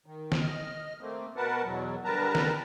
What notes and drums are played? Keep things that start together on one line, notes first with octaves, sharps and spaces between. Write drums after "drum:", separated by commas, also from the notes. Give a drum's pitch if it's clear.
D#3
drum: snare
D#5 F6
A3 A#3 C4
B2 A#4 B4 F#5 A5
E2 B2 F#3
D3 G3 A#4 B4 A5 A#5
drum: snare